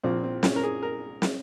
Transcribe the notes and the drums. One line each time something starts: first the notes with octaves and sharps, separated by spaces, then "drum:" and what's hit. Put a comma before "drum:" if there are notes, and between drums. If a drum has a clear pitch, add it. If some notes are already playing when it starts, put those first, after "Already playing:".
A#1 A#2 F3 C4
C4
C#4, drum: snare
A#4
G#4
A#4
drum: snare